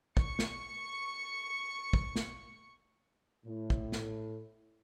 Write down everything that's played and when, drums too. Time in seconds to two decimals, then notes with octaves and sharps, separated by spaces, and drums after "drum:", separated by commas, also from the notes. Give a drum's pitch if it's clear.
0.17 C#6 C#7, drum: kick
0.39 drum: snare
1.93 drum: kick
2.16 drum: snare
3.46 A2
3.70 drum: kick
3.92 drum: snare